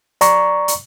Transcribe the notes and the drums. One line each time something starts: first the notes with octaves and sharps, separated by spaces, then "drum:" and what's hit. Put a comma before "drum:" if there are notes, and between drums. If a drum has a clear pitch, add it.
D5 A#5 C#6, drum: hi-hat
drum: hi-hat